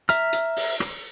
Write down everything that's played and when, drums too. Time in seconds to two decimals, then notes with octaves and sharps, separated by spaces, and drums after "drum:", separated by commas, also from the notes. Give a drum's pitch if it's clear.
0.09 E5 A#5 F6, drum: hi-hat
0.33 drum: hi-hat
0.56 drum: open hi-hat
0.80 drum: rim click